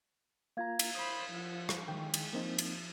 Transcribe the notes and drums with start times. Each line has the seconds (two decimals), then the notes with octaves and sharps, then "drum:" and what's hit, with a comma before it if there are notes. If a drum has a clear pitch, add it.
0.57 A#3 F4 F5 A#5 G#6
0.79 drum: cymbal
0.95 C5 B5 D#6
1.30 F3 F4 F#5
1.69 drum: rim click
1.88 D#3 G#3 G5
2.14 drum: cymbal
2.33 F3 A#3 C4 D#4
2.58 drum: cymbal